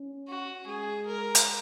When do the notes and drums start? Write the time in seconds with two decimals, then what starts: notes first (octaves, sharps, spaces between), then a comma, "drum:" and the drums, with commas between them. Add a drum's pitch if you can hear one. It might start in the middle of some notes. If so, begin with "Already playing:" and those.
Already playing: C#4
0.28 F#4
0.67 G#3 G#4
1.06 A#4
1.35 drum: hi-hat